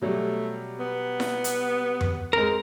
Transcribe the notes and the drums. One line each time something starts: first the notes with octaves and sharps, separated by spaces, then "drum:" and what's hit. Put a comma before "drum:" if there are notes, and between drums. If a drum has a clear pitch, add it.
B2 F#3 G3 A3
B3
drum: snare E4
drum: hi-hat
drum: tom F2
G#3 C4 A#4